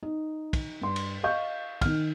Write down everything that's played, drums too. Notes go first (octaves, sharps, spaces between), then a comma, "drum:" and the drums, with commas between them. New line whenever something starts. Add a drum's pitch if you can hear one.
D#4
drum: kick, cymbal
G2 C6
drum: cymbal
D#5 F5 C#6 G6
D#3 F6, drum: kick, cymbal